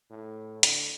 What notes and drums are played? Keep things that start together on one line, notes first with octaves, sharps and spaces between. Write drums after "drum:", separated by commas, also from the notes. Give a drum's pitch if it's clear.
A2
D3, drum: hi-hat